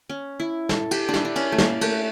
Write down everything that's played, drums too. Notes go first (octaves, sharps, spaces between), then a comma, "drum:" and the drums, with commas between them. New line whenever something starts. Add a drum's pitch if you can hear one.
C#4
E4
A4, drum: snare
G4, drum: cymbal
D4
E4, drum: snare
D4
C#4, drum: cymbal
A3
A#3, drum: snare
A3, drum: cymbal